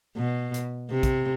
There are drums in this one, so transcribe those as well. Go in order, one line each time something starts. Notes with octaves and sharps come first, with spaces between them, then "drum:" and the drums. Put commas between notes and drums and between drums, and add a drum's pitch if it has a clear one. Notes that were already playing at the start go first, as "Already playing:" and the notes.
B2
drum: hi-hat
C3
drum: kick A#1, hi-hat